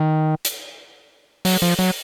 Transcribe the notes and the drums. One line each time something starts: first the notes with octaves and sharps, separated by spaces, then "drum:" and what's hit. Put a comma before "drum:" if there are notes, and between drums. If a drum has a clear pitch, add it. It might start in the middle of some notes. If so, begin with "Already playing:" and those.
Already playing: D#3
drum: hi-hat
F#3, drum: open hi-hat
F3
F#3